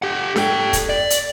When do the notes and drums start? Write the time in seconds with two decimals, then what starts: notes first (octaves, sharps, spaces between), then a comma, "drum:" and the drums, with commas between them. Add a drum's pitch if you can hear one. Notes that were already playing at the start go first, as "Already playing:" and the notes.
0.02 G4 F#5
0.36 A4 G5, drum: snare D4
0.73 drum: kick, hi-hat
0.89 D5
1.10 drum: hi-hat